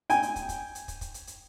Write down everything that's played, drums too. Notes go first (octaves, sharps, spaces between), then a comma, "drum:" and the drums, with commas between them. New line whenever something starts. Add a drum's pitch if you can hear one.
G5 G#5, drum: hi-hat
drum: hi-hat
drum: kick, hi-hat
drum: kick, hi-hat
drum: hi-hat
drum: kick, hi-hat
drum: kick, hi-hat
drum: hi-hat
drum: hi-hat